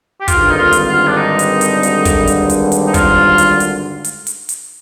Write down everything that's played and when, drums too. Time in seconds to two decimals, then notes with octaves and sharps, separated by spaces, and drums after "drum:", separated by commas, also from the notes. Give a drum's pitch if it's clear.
0.20 G4
0.28 G#1 G2 D3 F4, drum: kick, hi-hat
0.50 D#4
0.58 F4
0.72 drum: hi-hat
0.87 F4
1.08 D4
1.17 D#4
1.39 drum: hi-hat
1.61 drum: hi-hat
1.83 drum: hi-hat
2.05 drum: kick, hi-hat
2.27 drum: hi-hat
2.50 drum: hi-hat
2.72 drum: hi-hat
2.87 D#4
2.94 F4, drum: kick, hi-hat
3.38 drum: hi-hat
3.60 drum: hi-hat
4.04 drum: hi-hat
4.27 drum: hi-hat
4.49 drum: hi-hat